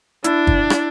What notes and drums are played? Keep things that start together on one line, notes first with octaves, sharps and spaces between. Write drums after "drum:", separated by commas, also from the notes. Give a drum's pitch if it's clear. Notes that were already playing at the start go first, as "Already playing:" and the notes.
D4 E4, drum: hi-hat
drum: kick
drum: rim click